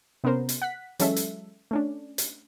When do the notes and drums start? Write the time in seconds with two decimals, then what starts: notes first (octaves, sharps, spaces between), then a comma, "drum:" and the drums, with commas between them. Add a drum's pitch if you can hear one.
0.24 C3 B3 C#4 A#4 C5
0.49 drum: hi-hat
0.62 F#5 F#6 B6
0.99 E3 F#3 G#3 C#4 A4 E5, drum: hi-hat
1.16 drum: hi-hat
1.71 A3 C#4 D4
2.18 drum: hi-hat